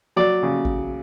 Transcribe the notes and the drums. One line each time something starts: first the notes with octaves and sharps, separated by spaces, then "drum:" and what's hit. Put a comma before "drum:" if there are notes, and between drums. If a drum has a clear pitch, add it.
F#3 D5
C#3
drum: kick G#1